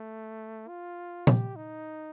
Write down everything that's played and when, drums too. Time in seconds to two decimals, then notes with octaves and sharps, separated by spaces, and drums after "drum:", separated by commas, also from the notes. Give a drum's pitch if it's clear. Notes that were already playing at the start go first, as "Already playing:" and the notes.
Already playing: A3
0.68 F4
1.27 G4, drum: tom A#2
1.56 D#4